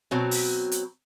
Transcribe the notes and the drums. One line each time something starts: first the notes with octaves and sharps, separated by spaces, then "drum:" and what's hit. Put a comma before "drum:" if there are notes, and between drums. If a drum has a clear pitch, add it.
B2 F#3 C4
drum: open hi-hat
drum: hi-hat